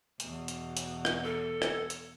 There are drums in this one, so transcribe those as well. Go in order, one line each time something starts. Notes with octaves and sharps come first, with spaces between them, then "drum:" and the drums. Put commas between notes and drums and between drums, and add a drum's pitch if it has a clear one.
E2 B2, drum: hi-hat
drum: hi-hat
drum: hi-hat
drum: rim click
A4
drum: rim click
drum: hi-hat